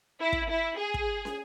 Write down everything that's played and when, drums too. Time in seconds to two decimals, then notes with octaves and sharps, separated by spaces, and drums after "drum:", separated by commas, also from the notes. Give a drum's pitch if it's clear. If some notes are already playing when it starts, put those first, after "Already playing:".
0.20 E4
0.32 drum: kick
0.50 E4
0.79 G#4
0.94 drum: kick
1.25 drum: snare